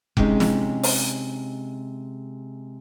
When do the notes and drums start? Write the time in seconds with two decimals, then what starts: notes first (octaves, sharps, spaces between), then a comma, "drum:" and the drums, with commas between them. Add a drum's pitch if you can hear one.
0.17 C3 G#3 C#4 D#4, drum: kick F1
0.40 drum: snare
0.83 drum: open hi-hat